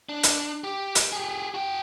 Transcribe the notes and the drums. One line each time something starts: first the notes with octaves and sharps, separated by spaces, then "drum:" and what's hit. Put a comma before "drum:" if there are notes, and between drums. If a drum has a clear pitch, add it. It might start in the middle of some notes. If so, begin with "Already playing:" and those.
D4
drum: hi-hat
G4
drum: hi-hat
G4 G#4
F#4 G5